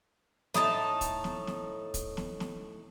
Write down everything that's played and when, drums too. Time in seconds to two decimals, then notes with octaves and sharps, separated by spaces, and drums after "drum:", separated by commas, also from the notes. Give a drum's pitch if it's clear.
0.54 A2 D#4 G4 A5, drum: snare
1.01 drum: kick, hi-hat
1.24 drum: snare
1.47 drum: snare
1.94 drum: kick, hi-hat
2.17 drum: snare
2.40 drum: snare